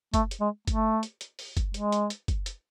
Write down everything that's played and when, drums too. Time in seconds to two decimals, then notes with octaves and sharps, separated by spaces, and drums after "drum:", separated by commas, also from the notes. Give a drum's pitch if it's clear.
0.14 A3, drum: kick F#1, hi-hat
0.31 drum: hi-hat
0.40 G#3
0.67 A3, drum: kick F#1, hi-hat
1.03 drum: hi-hat
1.21 drum: hi-hat
1.39 drum: open hi-hat
1.57 drum: kick F#1, hi-hat
1.74 G#3, drum: hi-hat
1.92 drum: hi-hat
2.10 drum: hi-hat
2.28 drum: kick F#1, hi-hat
2.46 drum: hi-hat